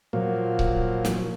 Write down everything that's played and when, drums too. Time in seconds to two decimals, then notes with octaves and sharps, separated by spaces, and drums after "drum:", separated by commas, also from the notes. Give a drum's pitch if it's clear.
0.13 A#2 F3 F#3 A#3
0.59 drum: kick C#1
1.05 drum: snare